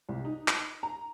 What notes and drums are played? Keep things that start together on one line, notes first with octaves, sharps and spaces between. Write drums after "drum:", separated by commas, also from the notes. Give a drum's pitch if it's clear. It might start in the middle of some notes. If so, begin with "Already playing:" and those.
C2
D#4
drum: clap
A#5